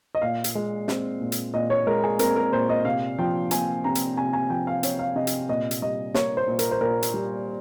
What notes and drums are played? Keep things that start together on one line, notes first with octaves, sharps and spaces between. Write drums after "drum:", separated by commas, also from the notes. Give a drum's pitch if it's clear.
D#5
A#2 F5
drum: hi-hat
G#3
C4, drum: snare
A#2
drum: hi-hat
A#2 D#5
C#5
G#3 A#4
G#4
C4 A#4, drum: hi-hat
A#4
A#2 C5
D#5
C3 F5
F3 G5
C4 G#5, drum: hi-hat
C3 A#5
drum: hi-hat
C3 G#5
G#5
F3 G5
F5
C4 C#5, drum: hi-hat
F5
C3 D#5
drum: hi-hat
A#2 D#5
drum: hi-hat
G3 D#5
A#3 C#5, drum: snare
C5
A#2
A#4, drum: hi-hat
C5
A#2 A#4
drum: hi-hat
G3